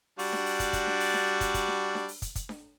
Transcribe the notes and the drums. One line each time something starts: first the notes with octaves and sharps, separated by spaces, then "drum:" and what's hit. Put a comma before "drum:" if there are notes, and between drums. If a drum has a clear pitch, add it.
G3 D4 F#4, drum: open hi-hat
drum: snare D4
drum: open hi-hat
drum: kick, hi-hat
drum: kick, hi-hat
drum: snare D4
drum: open hi-hat
drum: snare D4
drum: kick, hi-hat
drum: kick, hi-hat
drum: snare D4
drum: snare D4
drum: open hi-hat
drum: kick, hi-hat
drum: kick, hi-hat
drum: snare D4